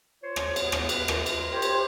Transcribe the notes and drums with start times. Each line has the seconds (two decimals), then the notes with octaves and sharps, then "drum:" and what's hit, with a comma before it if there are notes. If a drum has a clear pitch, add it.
0.23 F4 C5 C#5
0.36 drum: rim click
0.56 A2 B3, drum: cymbal
0.72 drum: rim click
0.89 B4, drum: cymbal
1.08 F4 A#4, drum: rim click
1.26 drum: cymbal
1.51 G4 C5 C#5
1.62 drum: cymbal